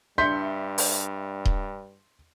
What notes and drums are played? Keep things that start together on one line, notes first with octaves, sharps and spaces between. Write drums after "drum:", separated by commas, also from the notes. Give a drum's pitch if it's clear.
G2 D4 E5 C6 G6 B6 C#7
drum: open hi-hat
drum: kick D#1